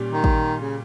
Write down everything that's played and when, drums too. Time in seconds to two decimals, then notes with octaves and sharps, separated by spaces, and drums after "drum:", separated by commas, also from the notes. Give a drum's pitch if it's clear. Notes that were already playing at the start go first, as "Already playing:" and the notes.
Already playing: A#2 G3 C#4 G4
0.12 D#3
0.24 drum: kick A1
0.60 C#3